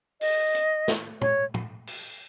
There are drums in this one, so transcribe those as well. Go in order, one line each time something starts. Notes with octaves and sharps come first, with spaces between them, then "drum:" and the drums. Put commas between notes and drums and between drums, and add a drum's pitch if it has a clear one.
D#5, drum: open hi-hat
drum: hi-hat
drum: snare
C#5, drum: tom
drum: tom
drum: open hi-hat